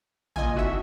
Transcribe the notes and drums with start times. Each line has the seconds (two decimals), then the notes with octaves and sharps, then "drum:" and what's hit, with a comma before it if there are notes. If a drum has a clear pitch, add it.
0.36 G2 A#2 F4 D#5 G#5, drum: tom
0.56 F2 D#3 E4 F#4 E5